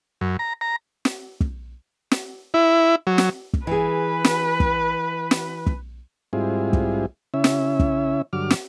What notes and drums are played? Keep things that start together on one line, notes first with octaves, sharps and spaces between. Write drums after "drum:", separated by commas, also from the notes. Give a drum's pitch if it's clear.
F#2
A#5
A#5
drum: snare
drum: kick
drum: snare
E4
F#3
drum: snare
drum: kick
E3 G#4 B4
drum: snare
drum: kick
drum: snare
drum: kick
G#2 G3 C4 E4 F4 G#4
drum: kick
C#3 C#4 E4 E5
drum: snare
drum: kick
G2 D3 F#3 D6 F6
drum: snare